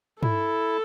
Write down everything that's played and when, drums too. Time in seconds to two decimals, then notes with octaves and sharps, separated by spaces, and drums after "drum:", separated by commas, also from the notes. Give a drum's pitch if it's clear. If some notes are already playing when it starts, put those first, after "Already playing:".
0.23 E4 A4, drum: tom